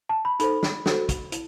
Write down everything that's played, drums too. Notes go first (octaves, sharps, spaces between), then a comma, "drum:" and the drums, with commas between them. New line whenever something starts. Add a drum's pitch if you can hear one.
A5
B5
D#4 A4 C5 B5, drum: hi-hat
drum: snare
F#4 A4 C5, drum: snare
drum: kick, hi-hat
E4, drum: hi-hat